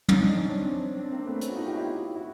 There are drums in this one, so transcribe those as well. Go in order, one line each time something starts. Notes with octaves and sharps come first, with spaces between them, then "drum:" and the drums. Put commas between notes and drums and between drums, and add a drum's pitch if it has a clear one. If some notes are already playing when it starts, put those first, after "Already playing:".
C#4 D#4, drum: tom
D4
C#4
C4 D4
C4 D4
A#3 C4
A3 B3
B3 C#4, drum: hi-hat
F#4
D#4 F4
F4 G4
E4 F#4
E4 F#4